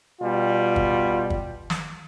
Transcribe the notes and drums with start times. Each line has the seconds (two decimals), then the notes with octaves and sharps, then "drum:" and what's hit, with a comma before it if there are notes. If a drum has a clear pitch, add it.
0.21 B2 G3 F4
0.76 drum: kick
1.30 drum: kick
1.70 drum: snare